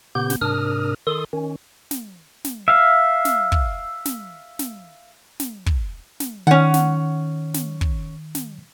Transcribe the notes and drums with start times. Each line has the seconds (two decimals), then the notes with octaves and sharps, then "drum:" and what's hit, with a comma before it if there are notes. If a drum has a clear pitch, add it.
0.15 A#2 C#3 B3 G4 G6
0.30 drum: snare
0.41 G#2 C3 D4 A#4 D#6 F6
1.07 D#3 A4 C6 D#6
1.33 D#3 C#4
1.91 drum: snare
2.44 drum: snare
2.68 E5 F5
3.25 drum: snare
3.52 drum: kick
4.05 drum: snare
4.59 drum: snare
5.40 drum: snare
5.66 drum: kick
6.20 drum: snare
6.47 D#3 C#4 F#5
6.74 drum: snare
7.54 drum: snare
7.81 drum: kick
8.35 drum: snare